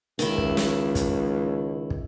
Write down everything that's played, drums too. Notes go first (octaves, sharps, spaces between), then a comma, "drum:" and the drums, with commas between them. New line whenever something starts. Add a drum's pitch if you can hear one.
C#2 D#3 E4, drum: hi-hat
drum: kick
drum: snare
drum: kick, hi-hat
drum: kick